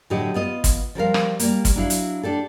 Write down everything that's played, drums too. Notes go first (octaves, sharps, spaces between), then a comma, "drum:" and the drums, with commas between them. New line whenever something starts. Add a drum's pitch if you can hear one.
A2 D3 F#3 G4 D#5
B3 F4 D#5
drum: kick, hi-hat
F3 G3 A#4 F5
drum: rim click
G3 A#3, drum: hi-hat
drum: kick, hi-hat
F#3 D4 E4 F5
drum: hi-hat
D4 G4 A4